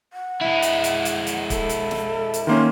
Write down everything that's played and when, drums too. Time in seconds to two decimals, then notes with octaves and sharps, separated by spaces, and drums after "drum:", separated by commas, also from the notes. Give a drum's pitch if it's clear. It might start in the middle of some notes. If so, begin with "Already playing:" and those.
0.13 F#5
0.41 G#3 E4
0.62 drum: hi-hat
0.84 drum: hi-hat
1.05 drum: hi-hat
1.27 drum: hi-hat
1.50 A4, drum: kick, hi-hat
1.69 drum: hi-hat
1.91 drum: snare
2.34 drum: hi-hat
2.47 D#3 A#3 C#4 C6